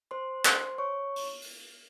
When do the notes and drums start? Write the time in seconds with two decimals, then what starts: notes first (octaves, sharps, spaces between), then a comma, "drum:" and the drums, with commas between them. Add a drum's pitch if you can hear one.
0.11 C5 C6
0.45 C5 C6, drum: clap
0.78 C#5 C#6
1.16 drum: open hi-hat
1.42 drum: open hi-hat